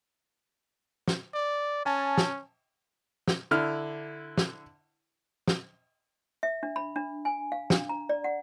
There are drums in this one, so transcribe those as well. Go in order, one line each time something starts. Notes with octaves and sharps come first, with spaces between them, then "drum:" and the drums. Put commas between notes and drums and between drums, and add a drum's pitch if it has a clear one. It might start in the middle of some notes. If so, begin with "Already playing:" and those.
drum: snare
D5
C#4 G#5 A5
drum: snare
drum: snare
D3 E4 F6
drum: snare
drum: snare
E5
D4
B5
D4
G#5
F5
D4, drum: snare
A#5
D5
F#5